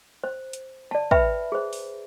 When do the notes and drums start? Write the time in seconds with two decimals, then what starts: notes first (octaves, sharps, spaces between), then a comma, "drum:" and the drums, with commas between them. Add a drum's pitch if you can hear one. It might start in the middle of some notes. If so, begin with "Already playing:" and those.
0.24 C5
0.53 drum: hi-hat
0.91 D5 A5
1.11 B4 E5 G5 B5, drum: kick
1.52 G#4 C5
1.73 drum: open hi-hat